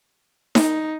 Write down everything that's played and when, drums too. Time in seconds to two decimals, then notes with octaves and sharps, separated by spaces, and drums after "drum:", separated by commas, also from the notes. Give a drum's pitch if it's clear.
0.55 D#4, drum: snare D#4